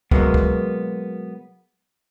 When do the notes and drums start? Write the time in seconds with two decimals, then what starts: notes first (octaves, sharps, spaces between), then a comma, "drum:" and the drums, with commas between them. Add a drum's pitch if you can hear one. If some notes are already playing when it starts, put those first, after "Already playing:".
0.11 B2 F#3 G#3 A#3 B3, drum: kick
0.34 drum: kick